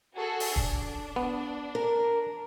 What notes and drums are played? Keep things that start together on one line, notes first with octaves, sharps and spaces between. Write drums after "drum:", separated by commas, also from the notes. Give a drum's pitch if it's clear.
F#4 G#4 A4
drum: open hi-hat
D4, drum: kick
B3
A#4